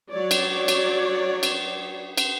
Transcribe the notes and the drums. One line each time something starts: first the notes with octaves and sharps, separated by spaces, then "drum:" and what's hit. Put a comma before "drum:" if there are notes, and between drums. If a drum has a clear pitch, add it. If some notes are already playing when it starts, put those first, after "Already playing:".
F#3 C#5 D5
drum: cymbal
drum: cymbal
drum: cymbal
drum: cymbal